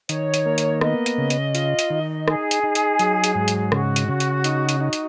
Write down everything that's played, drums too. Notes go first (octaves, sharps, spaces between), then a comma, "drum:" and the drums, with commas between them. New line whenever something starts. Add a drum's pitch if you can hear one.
D#3 C#5, drum: hi-hat
drum: hi-hat
A#3
drum: hi-hat
B3 D#5, drum: rim click
drum: hi-hat
C#3
drum: hi-hat
F4, drum: hi-hat
drum: hi-hat
D#3
D#4 G#4, drum: rim click
drum: hi-hat
D#4
drum: hi-hat
F#3, drum: hi-hat
drum: hi-hat
G#2
drum: hi-hat
C#3 F#4, drum: rim click
drum: hi-hat
C#3
drum: hi-hat
D#4, drum: hi-hat
drum: hi-hat
D#4
drum: hi-hat